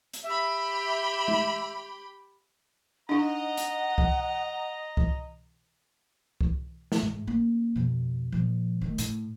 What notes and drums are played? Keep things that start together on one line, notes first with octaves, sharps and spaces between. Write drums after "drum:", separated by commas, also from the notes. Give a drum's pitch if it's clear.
drum: hi-hat
G4 E5 B5
drum: tom G#3
D4 D#4 D#5 F#5 A#5
drum: hi-hat
drum: kick C2
drum: kick C2
drum: kick C2
drum: snare
G#2
A#3 C#4
F2 B2
A#2 F3
D#3 A3
A2, drum: hi-hat